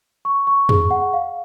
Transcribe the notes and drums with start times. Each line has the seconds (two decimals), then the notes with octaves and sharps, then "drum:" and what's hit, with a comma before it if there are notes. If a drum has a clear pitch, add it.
0.25 C#6
0.47 C#6
0.69 G#4, drum: tom
0.91 F#5
1.13 F5